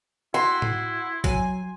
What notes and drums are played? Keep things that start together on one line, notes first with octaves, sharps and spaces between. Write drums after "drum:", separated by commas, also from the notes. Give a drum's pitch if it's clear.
E4 F#4 C6
drum: tom A2
F#3 G#5, drum: kick A1